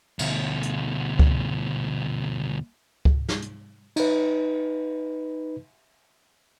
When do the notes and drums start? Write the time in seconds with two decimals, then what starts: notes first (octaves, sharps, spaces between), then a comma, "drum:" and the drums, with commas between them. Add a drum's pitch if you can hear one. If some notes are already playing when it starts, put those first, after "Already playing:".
0.19 D2 B2, drum: cymbal
0.63 drum: hi-hat
1.19 drum: kick C#2
3.05 drum: kick C#2
3.28 drum: snare
3.42 drum: hi-hat
3.96 D#4 B4, drum: cymbal